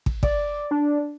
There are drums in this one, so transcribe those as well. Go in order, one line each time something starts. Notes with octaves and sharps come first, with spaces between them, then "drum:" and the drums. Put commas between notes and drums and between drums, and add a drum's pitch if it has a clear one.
drum: kick
D5, drum: kick
D4